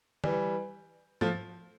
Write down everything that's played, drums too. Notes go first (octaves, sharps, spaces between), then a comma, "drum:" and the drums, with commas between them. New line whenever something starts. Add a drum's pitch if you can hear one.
E3 G3, drum: tom D3
F3 A3, drum: tom G#2